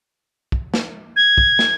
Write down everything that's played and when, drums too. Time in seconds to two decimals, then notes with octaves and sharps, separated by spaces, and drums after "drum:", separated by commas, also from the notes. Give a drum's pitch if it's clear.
0.52 drum: kick
0.74 drum: snare
1.16 G#6
1.38 drum: kick
1.59 drum: snare